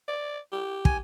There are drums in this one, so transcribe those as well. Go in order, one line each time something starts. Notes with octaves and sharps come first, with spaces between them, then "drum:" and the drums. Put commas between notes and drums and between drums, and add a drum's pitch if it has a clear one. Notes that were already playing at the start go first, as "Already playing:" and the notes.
D5
G4
G#5, drum: kick